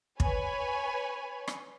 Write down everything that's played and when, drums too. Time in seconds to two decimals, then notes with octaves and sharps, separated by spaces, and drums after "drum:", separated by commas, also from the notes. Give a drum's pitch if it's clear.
0.20 B4 C#5 G#5, drum: kick
1.48 drum: rim click